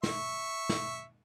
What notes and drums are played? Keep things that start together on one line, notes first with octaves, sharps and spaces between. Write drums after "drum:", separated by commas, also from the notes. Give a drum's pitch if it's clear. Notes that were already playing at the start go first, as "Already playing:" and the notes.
E5 C#6, drum: snare
drum: snare